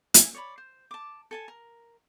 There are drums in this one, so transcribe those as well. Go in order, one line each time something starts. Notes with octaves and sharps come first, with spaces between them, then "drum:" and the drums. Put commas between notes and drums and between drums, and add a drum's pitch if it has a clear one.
E5 F5 G#5, drum: hi-hat
C#5 D5 B5
C5
A5 D6
A4 G#5 A5
A#4